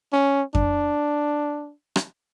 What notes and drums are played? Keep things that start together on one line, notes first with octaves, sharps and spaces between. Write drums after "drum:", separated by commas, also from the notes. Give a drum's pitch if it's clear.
C#4
D4, drum: kick F2
drum: rim click